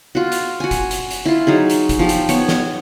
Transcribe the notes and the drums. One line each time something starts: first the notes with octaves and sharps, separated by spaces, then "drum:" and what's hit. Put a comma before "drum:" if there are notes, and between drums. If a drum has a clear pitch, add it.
F4 F#4
drum: hi-hat
F#4 G#5
drum: kick F1, hi-hat
drum: hi-hat
drum: hi-hat
E4 F4
F#3 D#4 G#4
drum: hi-hat
drum: kick F1, hi-hat
F3 G4
drum: hi-hat
B3 C#5, drum: hi-hat
drum: snare